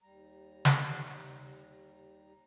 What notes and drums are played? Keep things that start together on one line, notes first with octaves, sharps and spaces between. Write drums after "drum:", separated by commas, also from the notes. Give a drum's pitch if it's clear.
D#2 G3 A#5
drum: snare